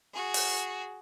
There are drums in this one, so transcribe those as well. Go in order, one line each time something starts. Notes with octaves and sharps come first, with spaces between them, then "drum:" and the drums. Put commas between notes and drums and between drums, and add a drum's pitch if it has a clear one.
F#4 G#4
drum: open hi-hat